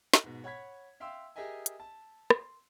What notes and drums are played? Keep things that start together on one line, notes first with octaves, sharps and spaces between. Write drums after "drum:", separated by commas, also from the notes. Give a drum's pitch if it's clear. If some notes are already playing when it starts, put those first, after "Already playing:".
drum: snare
G#2 B2
C#5 F#5 B5 G#6 B6
E5 F5 G5 C6 E6
G4 G#4 A#4 D#5 E5 G#5
drum: hi-hat
A5
C6, drum: rim click